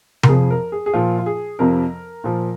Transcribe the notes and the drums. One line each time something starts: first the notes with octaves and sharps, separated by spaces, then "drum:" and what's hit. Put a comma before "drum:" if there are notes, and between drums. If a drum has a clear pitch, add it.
A#4, drum: tom C3
F2 F3 G#4
A#4
G#4
G#4
A#2 F3 F4
F4
G#4
F2 C3 F3 A#4
A#2 F3